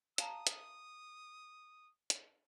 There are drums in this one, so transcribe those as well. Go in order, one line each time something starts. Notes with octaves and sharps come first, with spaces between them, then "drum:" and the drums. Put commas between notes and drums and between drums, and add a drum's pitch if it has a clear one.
F5 A5 A#5 D#6, drum: hi-hat
drum: hi-hat
drum: hi-hat